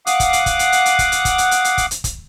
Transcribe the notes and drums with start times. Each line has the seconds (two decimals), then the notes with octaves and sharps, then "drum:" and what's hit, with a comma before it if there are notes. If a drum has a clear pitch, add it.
0.07 F5 F#5 D6 D#6 F#6, drum: hi-hat
0.20 drum: kick, hi-hat
0.33 drum: hi-hat
0.46 drum: kick, hi-hat
0.59 drum: hi-hat
0.72 drum: hi-hat
0.86 drum: hi-hat
0.99 drum: kick, hi-hat
1.12 drum: hi-hat
1.25 drum: kick, hi-hat
1.38 drum: hi-hat
1.51 drum: hi-hat
1.64 drum: hi-hat
1.78 drum: kick, hi-hat
1.91 drum: hi-hat
2.04 drum: kick, hi-hat